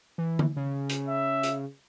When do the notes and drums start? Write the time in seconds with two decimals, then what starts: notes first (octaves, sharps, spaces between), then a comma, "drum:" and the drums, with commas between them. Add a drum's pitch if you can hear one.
0.18 E3
0.39 drum: tom D3
0.57 C#3
0.89 drum: hi-hat
1.08 E5
1.43 drum: hi-hat